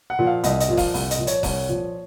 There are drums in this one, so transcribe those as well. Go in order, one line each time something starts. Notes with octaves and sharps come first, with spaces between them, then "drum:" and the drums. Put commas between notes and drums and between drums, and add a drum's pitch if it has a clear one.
F#5
A#2 F3
F5
C2 D#5, drum: hi-hat
D#5, drum: hi-hat
A#2 F3
F5, drum: kick F1, open hi-hat
C2, drum: open hi-hat
D#5, drum: hi-hat
A#2 F3
C#5, drum: hi-hat
C2 C#5, drum: kick F1, open hi-hat
A#2 F3